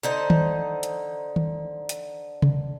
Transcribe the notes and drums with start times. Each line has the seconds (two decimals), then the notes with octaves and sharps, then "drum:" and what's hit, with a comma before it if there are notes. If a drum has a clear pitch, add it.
0.03 D3 D#4 C5
0.30 drum: tom
0.83 drum: hi-hat
1.36 drum: tom
1.89 drum: hi-hat
2.42 drum: tom C3